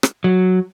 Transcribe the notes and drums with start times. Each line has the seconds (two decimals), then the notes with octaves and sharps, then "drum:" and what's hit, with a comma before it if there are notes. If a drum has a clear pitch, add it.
0.03 drum: rim click
0.24 F#3